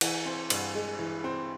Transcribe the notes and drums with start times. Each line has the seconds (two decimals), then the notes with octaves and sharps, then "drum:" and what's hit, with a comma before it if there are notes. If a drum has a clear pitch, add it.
0.01 E3, drum: cymbal
0.25 C4
0.50 G2, drum: cymbal
0.75 G#3
0.99 E3
1.24 C4